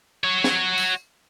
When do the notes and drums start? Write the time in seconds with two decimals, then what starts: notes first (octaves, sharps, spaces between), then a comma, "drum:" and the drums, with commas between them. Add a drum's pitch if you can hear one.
0.24 F#4 C#5
0.44 drum: snare
0.78 drum: tambourine